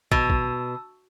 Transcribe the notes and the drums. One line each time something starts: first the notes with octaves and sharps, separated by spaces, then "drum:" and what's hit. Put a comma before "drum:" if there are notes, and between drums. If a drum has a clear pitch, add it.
B2 A5 E6, drum: kick
drum: kick